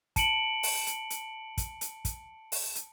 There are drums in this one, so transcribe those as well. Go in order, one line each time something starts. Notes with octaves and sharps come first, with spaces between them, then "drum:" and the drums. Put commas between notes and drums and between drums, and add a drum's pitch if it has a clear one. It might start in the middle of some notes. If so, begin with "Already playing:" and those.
A5 C#7 D7 F#7, drum: kick, hi-hat
drum: open hi-hat
drum: hi-hat
drum: hi-hat
drum: kick, hi-hat
drum: hi-hat
drum: kick, hi-hat
drum: open hi-hat
drum: hi-hat